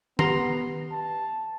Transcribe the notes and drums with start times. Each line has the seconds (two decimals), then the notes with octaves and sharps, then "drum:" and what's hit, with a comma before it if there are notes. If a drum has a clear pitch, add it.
0.19 B3 G4 B4 F#5 A#5 C6, drum: tom D#3
0.92 A5